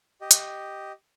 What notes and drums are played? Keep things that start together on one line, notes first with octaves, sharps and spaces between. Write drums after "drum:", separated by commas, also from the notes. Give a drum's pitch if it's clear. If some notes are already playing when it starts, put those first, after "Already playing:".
G4 D#5
drum: hi-hat